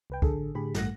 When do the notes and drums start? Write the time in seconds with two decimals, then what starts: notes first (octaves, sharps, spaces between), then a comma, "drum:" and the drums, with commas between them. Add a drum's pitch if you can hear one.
0.10 C2 B4 G5
0.22 A1 D3 G#4 A4, drum: kick
0.55 A2 D3 G4 G#4 B5
0.74 A1 G2 A3 F#5 F#6 A#6, drum: snare